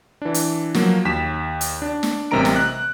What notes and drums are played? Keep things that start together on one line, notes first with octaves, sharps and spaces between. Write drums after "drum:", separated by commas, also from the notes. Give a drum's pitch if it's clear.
E3 D4
drum: hi-hat
F3 F#3 A#3, drum: snare
D#2 B6 E7
drum: hi-hat
D4
drum: snare
A1 C3 G3 A#4 A#5 D7
drum: snare
F#6